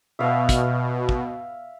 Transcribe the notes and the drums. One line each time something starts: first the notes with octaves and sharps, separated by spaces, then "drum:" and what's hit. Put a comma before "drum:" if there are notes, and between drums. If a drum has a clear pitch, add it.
B2 E5 F5
drum: kick, hi-hat
drum: kick